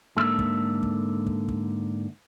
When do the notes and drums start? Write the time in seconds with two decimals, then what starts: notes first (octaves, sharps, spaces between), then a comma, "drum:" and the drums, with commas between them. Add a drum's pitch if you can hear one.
0.17 G#2 D3 A#3 A4 E5
0.39 drum: kick
0.83 drum: kick
1.26 drum: kick
1.48 drum: kick